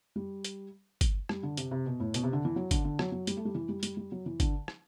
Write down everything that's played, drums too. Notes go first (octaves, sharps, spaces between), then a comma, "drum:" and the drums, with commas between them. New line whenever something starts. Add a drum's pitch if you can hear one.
G3
drum: hi-hat
drum: kick G1, hi-hat
G3, drum: rim click
D3
C3, drum: hi-hat
C3
B2
A2
B2, drum: hi-hat
C3
D3
E3
F#3
D3, drum: kick G1, hi-hat
D3
F#3, drum: rim click
F#3
G3, drum: hi-hat
A3
G3
E3
G3
G3, drum: hi-hat
G3
F#3
E3
D3, drum: kick G1, hi-hat
drum: rim click